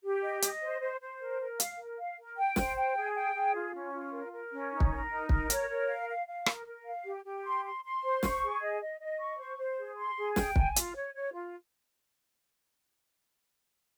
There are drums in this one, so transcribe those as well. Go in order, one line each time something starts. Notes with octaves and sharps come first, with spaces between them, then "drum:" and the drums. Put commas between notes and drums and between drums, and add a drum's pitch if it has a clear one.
G4
D#5
D#5, drum: hi-hat
C5
C5
C5
A#4
A#4
F5, drum: hi-hat
A#4
F5
A#4
G5
C5, drum: snare
G5
G#4
G5
G#4
F4
C#4
F4
A#4
A#4
C#4
D#4
drum: kick
A#4
D#4
A#4, drum: kick
C#5, drum: hi-hat
A#4
F5
F5
F5
A#4, drum: rim click
A#4
F5
G4
G4
C6
C6
C6
C5
C#6, drum: snare
G#4
D#5
D#5
D#5
C#6
C5
C5
G#4
C6
G#4
G5, drum: snare
G#5, drum: kick
F4, drum: hi-hat
C#5
C#5
F4